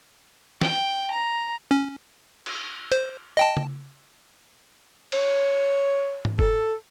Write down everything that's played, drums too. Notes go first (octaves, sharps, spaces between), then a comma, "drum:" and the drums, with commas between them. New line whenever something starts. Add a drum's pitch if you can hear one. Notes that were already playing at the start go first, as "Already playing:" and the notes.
G5, drum: snare
A#5
C#4
drum: cymbal
C5, drum: hi-hat
D#5 G5 A5
drum: tom C#3
C#5, drum: cymbal
drum: tom
A4, drum: kick F#1